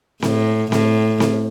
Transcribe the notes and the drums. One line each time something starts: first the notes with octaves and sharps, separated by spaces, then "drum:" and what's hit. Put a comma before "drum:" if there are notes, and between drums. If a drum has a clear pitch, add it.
A2, drum: snare C4
A2, drum: snare C4
drum: snare C4